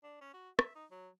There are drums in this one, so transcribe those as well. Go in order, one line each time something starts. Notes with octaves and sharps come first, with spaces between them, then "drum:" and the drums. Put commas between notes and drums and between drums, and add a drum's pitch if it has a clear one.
D4
C#4
F#4
E5, drum: rim click
D#4
F#3